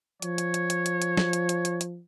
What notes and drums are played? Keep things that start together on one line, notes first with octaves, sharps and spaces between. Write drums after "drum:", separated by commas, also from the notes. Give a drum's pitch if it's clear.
F3 C#5, drum: hi-hat
drum: hi-hat
drum: hi-hat
drum: hi-hat
drum: hi-hat
drum: hi-hat
drum: snare
drum: hi-hat
drum: hi-hat
drum: hi-hat
drum: hi-hat